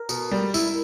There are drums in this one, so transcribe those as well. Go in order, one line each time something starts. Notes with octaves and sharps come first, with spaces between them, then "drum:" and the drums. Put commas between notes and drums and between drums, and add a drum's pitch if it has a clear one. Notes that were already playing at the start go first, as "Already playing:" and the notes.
Already playing: A#4
B2, drum: tambourine
G3
E4, drum: tambourine